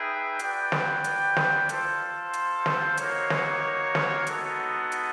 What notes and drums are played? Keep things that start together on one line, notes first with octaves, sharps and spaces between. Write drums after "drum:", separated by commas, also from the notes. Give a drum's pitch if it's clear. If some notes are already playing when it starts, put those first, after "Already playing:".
Already playing: D#4 G#4 B4 E5 G5
F#4 B4 D5 G5, drum: hi-hat
drum: snare
drum: hi-hat
drum: snare
F4 A4 C5, drum: hi-hat
drum: hi-hat
drum: snare
A#3 D#4 F#4 A#4 C#5, drum: hi-hat
drum: snare
drum: snare
G#3 B3 D#4 F#4 A4, drum: hi-hat
drum: hi-hat